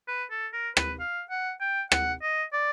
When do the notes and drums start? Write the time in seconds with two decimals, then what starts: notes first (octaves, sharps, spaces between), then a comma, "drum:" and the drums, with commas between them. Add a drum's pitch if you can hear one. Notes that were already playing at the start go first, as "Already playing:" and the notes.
0.08 B4
0.31 A4
0.53 A#4
0.77 B4, drum: rim click
1.00 F5
1.30 F#5
1.61 G5
1.92 F#5, drum: rim click
2.22 D#5
2.53 D5